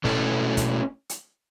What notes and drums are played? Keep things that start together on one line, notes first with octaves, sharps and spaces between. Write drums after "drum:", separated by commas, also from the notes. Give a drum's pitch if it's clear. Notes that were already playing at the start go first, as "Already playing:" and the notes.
B2 A3 C#4 E4 A4, drum: snare
drum: kick, hi-hat
drum: hi-hat